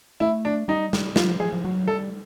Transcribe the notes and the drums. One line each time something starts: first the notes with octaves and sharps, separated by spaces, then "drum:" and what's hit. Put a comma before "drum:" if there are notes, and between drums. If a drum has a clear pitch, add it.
A3 E4
D4
G3 D#4
G3, drum: snare
F#3 F4, drum: snare
F3
F3 G#4
F3
F#3
G3 A4